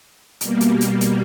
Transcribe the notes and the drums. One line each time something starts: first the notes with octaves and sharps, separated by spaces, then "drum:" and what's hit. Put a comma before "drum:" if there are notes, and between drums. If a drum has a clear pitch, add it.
B2 G3 A#3, drum: hi-hat
drum: hi-hat
drum: hi-hat
drum: hi-hat